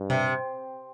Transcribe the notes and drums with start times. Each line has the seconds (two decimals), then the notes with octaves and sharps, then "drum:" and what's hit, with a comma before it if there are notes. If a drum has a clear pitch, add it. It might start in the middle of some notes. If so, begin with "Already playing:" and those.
Already playing: G2
0.10 C3, drum: tom A#2